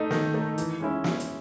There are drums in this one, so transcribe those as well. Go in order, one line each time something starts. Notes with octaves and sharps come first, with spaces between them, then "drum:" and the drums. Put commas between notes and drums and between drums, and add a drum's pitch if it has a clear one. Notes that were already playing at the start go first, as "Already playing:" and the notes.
Already playing: A3 D#4
D#3, drum: snare
A3 D#4
E3, drum: hi-hat
G#3 C#4 E4
drum: snare
drum: hi-hat